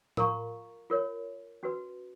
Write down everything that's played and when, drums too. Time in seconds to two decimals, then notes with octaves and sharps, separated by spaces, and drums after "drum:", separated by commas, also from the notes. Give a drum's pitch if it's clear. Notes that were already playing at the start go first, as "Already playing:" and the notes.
0.17 F4 A#4 F5 A#5 C#6, drum: tom A2
0.90 F4 A#4 C#5
1.63 C#4 F#4 B4